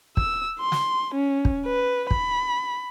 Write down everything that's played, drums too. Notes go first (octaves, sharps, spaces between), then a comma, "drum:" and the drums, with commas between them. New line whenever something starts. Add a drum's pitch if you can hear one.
E6, drum: kick
C6
drum: snare
C#4
drum: kick
B4
B5, drum: kick